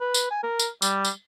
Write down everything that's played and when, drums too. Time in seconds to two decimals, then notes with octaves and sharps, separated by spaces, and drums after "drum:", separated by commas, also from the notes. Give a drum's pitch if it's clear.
0.01 B4
0.14 drum: tambourine
0.31 G#5
0.43 A#4
0.59 drum: tambourine
0.82 G3, drum: tambourine
1.05 drum: tambourine